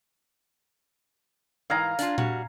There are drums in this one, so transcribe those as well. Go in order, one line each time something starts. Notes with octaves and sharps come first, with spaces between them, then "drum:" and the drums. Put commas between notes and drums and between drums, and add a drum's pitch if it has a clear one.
G#2 E3 F5 G#5 A#5
D4 F4, drum: hi-hat
G3 F#4, drum: tom A#2